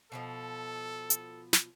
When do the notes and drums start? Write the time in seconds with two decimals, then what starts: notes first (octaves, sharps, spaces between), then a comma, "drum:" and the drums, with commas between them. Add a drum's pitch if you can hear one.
0.12 B2 D3 F3 A4
1.10 drum: hi-hat
1.53 drum: snare